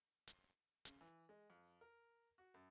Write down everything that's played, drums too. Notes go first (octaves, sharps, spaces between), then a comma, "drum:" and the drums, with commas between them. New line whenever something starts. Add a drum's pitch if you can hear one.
drum: hi-hat
C#3, drum: hi-hat
E3
G#3
F2
A#4
F#4
F#2